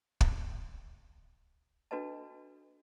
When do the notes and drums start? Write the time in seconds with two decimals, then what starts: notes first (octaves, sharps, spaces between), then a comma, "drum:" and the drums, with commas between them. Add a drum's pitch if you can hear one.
0.21 drum: kick
1.91 D4 F#4 A4 B4 D#5 A5